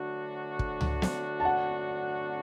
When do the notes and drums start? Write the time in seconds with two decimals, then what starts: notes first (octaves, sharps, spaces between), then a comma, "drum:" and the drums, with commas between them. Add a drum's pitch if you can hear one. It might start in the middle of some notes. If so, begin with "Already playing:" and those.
Already playing: D2 D3 F#3 D4 F#4
0.59 drum: kick
0.81 drum: tom C#2
1.02 drum: snare
1.40 A5
1.45 F#5